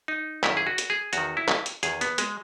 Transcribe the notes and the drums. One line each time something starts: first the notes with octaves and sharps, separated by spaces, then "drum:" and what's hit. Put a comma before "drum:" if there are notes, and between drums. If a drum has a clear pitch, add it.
D#4
F#2 D#3 E4, drum: clap
G#4
F#4
drum: hi-hat
G#4
E2 D#3 F#4, drum: hi-hat
E4
drum: clap
drum: hi-hat
E2 D#3 G#4, drum: hi-hat
B3, drum: hi-hat
G#3, drum: hi-hat